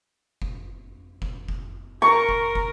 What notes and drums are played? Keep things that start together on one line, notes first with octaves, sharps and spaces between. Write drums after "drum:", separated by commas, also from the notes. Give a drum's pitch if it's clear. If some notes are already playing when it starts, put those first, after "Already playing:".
drum: kick
drum: kick
drum: kick
A#4 C#6
drum: kick
drum: kick